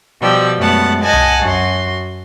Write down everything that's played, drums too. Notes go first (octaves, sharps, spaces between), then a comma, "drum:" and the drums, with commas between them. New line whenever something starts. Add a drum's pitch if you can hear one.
B2 F3 G3 E6
F#2 G#3 A3 B3 F#5 A5
D#5 F#5 G#5 A5
drum: tom C2
F#2 F#4 C6